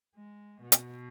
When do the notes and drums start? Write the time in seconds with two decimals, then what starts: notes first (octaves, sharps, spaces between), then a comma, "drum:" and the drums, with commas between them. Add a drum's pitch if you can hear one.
0.16 G#3
0.62 B2
0.72 drum: hi-hat